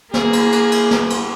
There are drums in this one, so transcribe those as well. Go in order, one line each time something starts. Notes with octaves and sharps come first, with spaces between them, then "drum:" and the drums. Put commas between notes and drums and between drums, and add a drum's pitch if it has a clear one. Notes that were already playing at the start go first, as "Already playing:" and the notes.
A#3 G#4, drum: snare
drum: cymbal
drum: cymbal
drum: cymbal
drum: snare
drum: cymbal